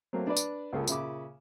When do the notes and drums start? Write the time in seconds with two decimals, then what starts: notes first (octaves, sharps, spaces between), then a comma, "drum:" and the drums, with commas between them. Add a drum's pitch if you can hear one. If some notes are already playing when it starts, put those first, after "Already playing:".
0.13 F#3 A3 A#3 C4
0.27 D4 B4 D5
0.37 drum: tambourine
0.73 C#2 C#3 A#3 F4 A4
0.88 A#2 C#3 E5 B5 D6, drum: tambourine